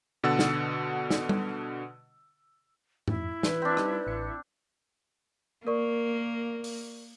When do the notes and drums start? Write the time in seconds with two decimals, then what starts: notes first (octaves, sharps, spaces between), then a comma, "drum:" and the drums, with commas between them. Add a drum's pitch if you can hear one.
0.23 B2 D3 F#5 E6 A6
0.39 drum: snare
1.10 drum: snare
1.29 drum: tom G3
3.08 F2 E4, drum: tom G#2
3.43 E3 B4, drum: snare
3.62 C4 D4
3.77 G3 D#4, drum: rim click
4.07 A1 C#7
5.67 A#3 A#4 D5 C#6
6.64 drum: open hi-hat